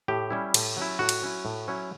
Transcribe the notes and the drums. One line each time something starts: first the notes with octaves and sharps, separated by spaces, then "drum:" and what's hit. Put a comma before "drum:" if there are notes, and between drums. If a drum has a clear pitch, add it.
A2 G4
G3 C#4 E4
A2, drum: cymbal
F#3 C#4 E4
A2 F#4
drum: cymbal
F#3 C#4 E4
A2
F#3 C#4 E4